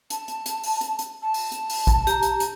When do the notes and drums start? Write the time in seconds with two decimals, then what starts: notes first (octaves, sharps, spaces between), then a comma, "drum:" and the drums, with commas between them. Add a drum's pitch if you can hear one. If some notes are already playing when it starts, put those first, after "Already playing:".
0.10 A5, drum: hi-hat
0.28 drum: hi-hat
0.46 drum: hi-hat
0.63 drum: open hi-hat
0.81 drum: hi-hat
0.99 drum: hi-hat
1.22 A5
1.34 drum: open hi-hat
1.52 drum: hi-hat
1.69 drum: open hi-hat
1.87 drum: kick, hi-hat
2.07 G4 A#5, drum: hi-hat
2.23 drum: hi-hat
2.40 drum: hi-hat